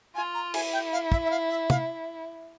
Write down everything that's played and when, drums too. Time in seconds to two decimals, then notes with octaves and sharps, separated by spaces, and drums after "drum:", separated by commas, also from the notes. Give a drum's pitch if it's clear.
0.15 F4 G#5
0.34 A#5
0.54 E4 G#5, drum: cymbal
0.73 G5
0.92 F5
1.12 E5, drum: kick
1.25 E5
1.31 F5
1.50 E5
1.70 F5, drum: tom